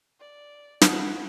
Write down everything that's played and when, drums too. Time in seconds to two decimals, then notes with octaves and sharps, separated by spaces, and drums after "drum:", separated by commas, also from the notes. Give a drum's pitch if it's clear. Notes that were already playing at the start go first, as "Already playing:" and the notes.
0.20 D5
0.81 A3 F#5, drum: snare